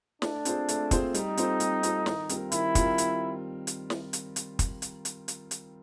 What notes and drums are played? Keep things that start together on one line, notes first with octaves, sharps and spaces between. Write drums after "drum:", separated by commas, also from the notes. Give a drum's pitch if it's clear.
A3 D4, drum: snare
C4 F4 G#4 C5, drum: hi-hat
A3, drum: hi-hat
C4 F4 G#4 C5, drum: kick, hi-hat
G3 D#4, drum: hi-hat
C4 F4 A4 C5, drum: hi-hat
G3, drum: hi-hat
C4 F4 A4 C5, drum: hi-hat
D#3, drum: snare
G3 C4 F4 A#4, drum: hi-hat
D#3 E4, drum: hi-hat
G3 C4 F4 A#4, drum: kick, hi-hat
drum: hi-hat
drum: hi-hat
drum: snare
drum: hi-hat
drum: hi-hat
drum: kick, hi-hat
drum: hi-hat
drum: hi-hat
drum: hi-hat
drum: hi-hat